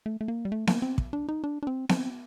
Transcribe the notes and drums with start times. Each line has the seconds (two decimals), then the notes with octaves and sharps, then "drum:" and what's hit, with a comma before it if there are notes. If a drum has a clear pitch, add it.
0.06 A3
0.21 A3
0.28 A#3
0.45 G3
0.52 A3
0.67 A#3, drum: snare B3
0.82 C4
0.98 drum: kick
1.13 D4
1.29 D#4
1.44 D4
1.63 D4
1.67 C4
1.89 C4, drum: snare B3